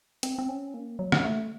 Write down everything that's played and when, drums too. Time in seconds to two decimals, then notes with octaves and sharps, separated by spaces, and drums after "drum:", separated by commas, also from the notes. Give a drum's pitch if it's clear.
0.23 C4, drum: hi-hat
0.39 C4
0.49 C#4
0.74 A#3
0.99 F#3
1.12 drum: rim click
1.24 A3